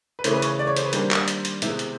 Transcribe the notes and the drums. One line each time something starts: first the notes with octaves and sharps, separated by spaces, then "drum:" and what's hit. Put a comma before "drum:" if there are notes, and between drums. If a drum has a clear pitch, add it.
B4
C#3 E3 A3 C#4 C5, drum: hi-hat
B4
C#5, drum: hi-hat
D5
C#5
C5, drum: hi-hat
B4
D#3 G3 A#3 D4 C5, drum: hi-hat
drum: clap
drum: hi-hat
drum: hi-hat
C3 D#3 G#3 B3 E4, drum: hi-hat
drum: hi-hat